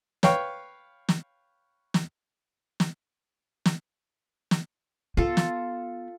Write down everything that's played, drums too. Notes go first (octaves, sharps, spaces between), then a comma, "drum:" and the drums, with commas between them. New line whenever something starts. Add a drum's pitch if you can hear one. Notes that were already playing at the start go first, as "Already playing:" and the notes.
B4 C#5 F5 G5, drum: snare
drum: snare
drum: snare
drum: snare
drum: snare
drum: snare
B3 F4 A4
drum: snare